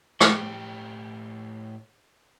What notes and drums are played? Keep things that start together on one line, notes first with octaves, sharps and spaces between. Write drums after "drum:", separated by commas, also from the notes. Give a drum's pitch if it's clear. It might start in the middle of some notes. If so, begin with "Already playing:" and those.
A2 G4, drum: rim click